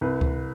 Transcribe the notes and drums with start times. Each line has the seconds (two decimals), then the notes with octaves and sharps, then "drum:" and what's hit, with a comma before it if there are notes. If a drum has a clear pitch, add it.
0.01 C2 B4
0.21 drum: kick C#2